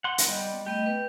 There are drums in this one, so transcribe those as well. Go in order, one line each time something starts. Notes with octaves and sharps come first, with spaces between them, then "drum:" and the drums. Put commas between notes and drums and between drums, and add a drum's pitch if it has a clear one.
F#5 C6
drum: hi-hat
G3 B3 D#5
A3 B3 G4 D#5
B4